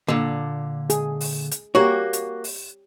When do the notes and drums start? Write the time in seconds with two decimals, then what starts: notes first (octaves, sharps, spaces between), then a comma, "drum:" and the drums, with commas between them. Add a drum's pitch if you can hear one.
0.08 A#2 D3
0.90 G#4, drum: hi-hat
1.21 drum: open hi-hat
1.51 drum: hi-hat
1.75 A#3 F#4 G4 C#5
2.13 drum: hi-hat
2.44 drum: open hi-hat